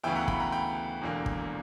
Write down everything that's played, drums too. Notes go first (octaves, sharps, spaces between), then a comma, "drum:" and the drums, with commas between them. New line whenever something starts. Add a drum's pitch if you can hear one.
D2 C#3 E3 B3 E5 G5
F#5 A#5
G5 B5, drum: kick
F#5 A#5
G5 B5
E1 E2 D3 A#3
drum: kick